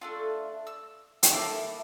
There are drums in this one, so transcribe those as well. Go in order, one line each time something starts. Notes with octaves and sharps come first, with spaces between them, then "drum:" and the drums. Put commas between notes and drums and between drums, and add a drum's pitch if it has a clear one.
A3 D4 F4 E6
E6
C#6, drum: hi-hat
A#3 E4 A4 D6